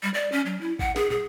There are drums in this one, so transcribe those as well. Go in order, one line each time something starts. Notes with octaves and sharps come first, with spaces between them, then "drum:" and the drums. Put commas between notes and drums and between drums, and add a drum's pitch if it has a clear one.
G3
D5
C#4
F#3
E4
F#5, drum: kick A1
G#4, drum: snare
G#4, drum: tom